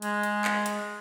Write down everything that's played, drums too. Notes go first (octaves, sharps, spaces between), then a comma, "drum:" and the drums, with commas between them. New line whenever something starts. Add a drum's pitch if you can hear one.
G#3, drum: hi-hat
drum: hi-hat
drum: clap
drum: hi-hat